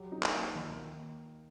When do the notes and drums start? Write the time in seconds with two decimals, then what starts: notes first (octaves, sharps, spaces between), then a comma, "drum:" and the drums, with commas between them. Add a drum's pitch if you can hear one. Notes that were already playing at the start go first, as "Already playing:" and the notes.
Already playing: F#3 G4
0.12 D#4
0.23 drum: clap
0.33 A#3
0.55 D#3
0.77 A#3